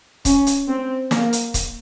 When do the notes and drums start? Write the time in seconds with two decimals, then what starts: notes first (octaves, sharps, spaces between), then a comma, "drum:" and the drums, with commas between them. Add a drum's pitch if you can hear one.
0.25 C#4, drum: kick, hi-hat
0.47 drum: hi-hat
0.68 C4
1.11 A#3, drum: snare
1.33 drum: hi-hat
1.54 drum: kick, hi-hat